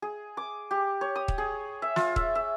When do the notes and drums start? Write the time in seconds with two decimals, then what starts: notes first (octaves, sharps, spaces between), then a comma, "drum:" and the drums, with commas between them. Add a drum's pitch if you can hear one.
0.02 G#4
0.37 D6
0.71 G4
1.01 C#5
1.16 D#6
1.28 drum: kick
1.38 G#4
1.82 E5
1.96 F4, drum: snare
2.16 E5, drum: kick
2.35 E5